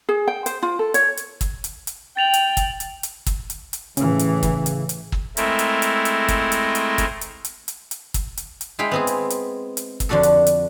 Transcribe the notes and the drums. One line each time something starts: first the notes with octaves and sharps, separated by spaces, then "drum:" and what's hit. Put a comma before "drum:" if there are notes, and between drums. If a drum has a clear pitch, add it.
G#4
G5
C5, drum: hi-hat
F4
A4
C#5, drum: hi-hat
drum: hi-hat
drum: kick, hi-hat
drum: hi-hat
drum: hi-hat
G5 A6 F7 F#7
drum: hi-hat
drum: kick, hi-hat
drum: hi-hat
drum: hi-hat
drum: kick, hi-hat
drum: hi-hat
drum: hi-hat
A2 C#3 E3, drum: hi-hat
drum: hi-hat
drum: kick, hi-hat
drum: hi-hat
drum: hi-hat
drum: kick
G#3 A3 C4 E4 A#4, drum: hi-hat
drum: hi-hat
drum: hi-hat
drum: hi-hat
drum: kick, hi-hat
drum: hi-hat
drum: hi-hat
drum: kick, hi-hat
drum: hi-hat
drum: hi-hat
drum: hi-hat
drum: hi-hat
drum: kick, hi-hat
drum: hi-hat
drum: hi-hat
G#3 E4 F5 G5
B3 C4 G#4
drum: hi-hat
drum: hi-hat
drum: hi-hat
drum: kick, hi-hat
F2 D3 D4 F#4 A4
drum: hi-hat
drum: hi-hat